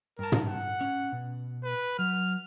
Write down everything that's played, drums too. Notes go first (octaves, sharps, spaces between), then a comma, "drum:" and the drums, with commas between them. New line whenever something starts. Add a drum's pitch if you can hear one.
G2 A#4 A5
drum: tom
F#5
C#4
B2
B4
F#3 F6